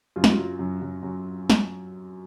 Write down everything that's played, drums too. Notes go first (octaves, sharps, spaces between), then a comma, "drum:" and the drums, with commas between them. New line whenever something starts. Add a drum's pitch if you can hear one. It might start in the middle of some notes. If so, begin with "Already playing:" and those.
F#2 F4
F#4, drum: snare
F4
F#3
F#2
F#2
F#2 F#4
drum: snare